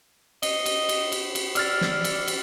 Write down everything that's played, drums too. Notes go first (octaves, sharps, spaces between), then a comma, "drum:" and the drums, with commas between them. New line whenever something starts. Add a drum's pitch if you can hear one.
D#5, drum: cymbal
drum: cymbal
drum: cymbal
drum: cymbal
drum: cymbal
D5 E6 F6 A6, drum: cymbal
drum: snare
drum: cymbal
drum: cymbal